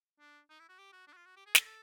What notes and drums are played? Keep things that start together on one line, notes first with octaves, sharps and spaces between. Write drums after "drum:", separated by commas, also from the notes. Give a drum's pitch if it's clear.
D4
D#4
E4
F#4
G4
F#4
D4
F#4
F4
F#4
G4
G#4
A4, drum: snare
A4